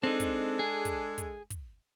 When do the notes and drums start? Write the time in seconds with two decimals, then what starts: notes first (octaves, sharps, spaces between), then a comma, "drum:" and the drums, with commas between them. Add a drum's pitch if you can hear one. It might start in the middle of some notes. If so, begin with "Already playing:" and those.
0.03 G#3 C4 D4 D#4 A4
0.20 drum: kick, hi-hat
0.59 G#4
0.85 drum: kick, hi-hat
1.18 drum: kick, hi-hat
1.50 drum: kick, hi-hat